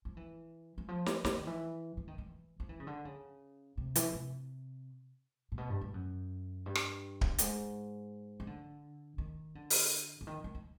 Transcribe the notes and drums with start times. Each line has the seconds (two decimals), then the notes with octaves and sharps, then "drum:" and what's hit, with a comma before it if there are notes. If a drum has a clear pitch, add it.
0.05 F3
0.17 E3
0.78 E3
0.89 F3
1.06 E3, drum: snare
1.25 E3, drum: snare
1.36 D#3
1.47 E3
1.97 E3
2.08 D#3
2.18 E3
2.60 F3
2.69 E3
2.80 C#3
2.87 D3
3.05 C#3
3.77 C3
3.95 E3, drum: hi-hat
4.13 C3
5.52 A#2
5.58 B2
5.70 G2
5.81 G2
5.94 F#2
6.66 G2
6.75 drum: rim click
7.21 drum: kick D1
7.38 G#2, drum: hi-hat
8.40 D#3
8.47 D3
9.18 D#3
9.55 D3
9.70 drum: open hi-hat
10.21 D3
10.27 D#3
10.44 D#3
10.55 D#3